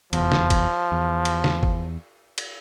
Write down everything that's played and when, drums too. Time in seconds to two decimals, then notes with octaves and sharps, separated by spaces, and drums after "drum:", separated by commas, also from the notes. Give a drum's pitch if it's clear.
0.13 F1 E2 F3, drum: cymbal
0.32 drum: snare
0.50 drum: kick, cymbal
0.92 E2
1.25 drum: cymbal
1.44 drum: snare
1.63 drum: kick
2.38 drum: cymbal